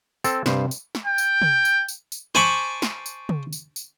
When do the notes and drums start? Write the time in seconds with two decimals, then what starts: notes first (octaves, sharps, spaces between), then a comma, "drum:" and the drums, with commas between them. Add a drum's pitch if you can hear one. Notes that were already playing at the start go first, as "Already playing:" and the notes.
0.24 C4 A4, drum: tambourine
0.46 G2 C3 C5, drum: snare
0.71 drum: tambourine
0.95 drum: snare
1.06 G5
1.18 drum: tambourine
1.42 drum: tom
1.65 drum: tambourine
1.88 drum: tambourine
2.12 drum: tambourine
2.35 C5 G#5 A5 B5 C#6 D6, drum: snare
2.82 drum: snare
3.06 drum: tambourine
3.29 drum: tom
3.53 drum: tambourine
3.76 drum: tambourine